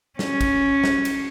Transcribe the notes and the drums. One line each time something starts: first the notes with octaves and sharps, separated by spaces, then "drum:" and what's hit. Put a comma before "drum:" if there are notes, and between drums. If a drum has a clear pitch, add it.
C#4, drum: snare
drum: kick, cymbal
drum: snare
drum: cymbal